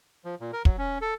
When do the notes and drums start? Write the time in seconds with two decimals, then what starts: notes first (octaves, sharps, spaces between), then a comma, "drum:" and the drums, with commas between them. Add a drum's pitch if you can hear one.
0.25 F3
0.40 A#2
0.53 A#4
0.65 F#3, drum: kick
0.78 C#4
1.01 A4